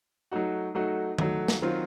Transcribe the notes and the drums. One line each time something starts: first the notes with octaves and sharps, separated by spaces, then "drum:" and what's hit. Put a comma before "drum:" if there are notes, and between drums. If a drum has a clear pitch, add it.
F#3 A3 D#4 F#4
F#3 A3 D#4 F#4
F#3 A3 D#4 F#4, drum: tom D#3
drum: snare
D#3 F#3 C4 F4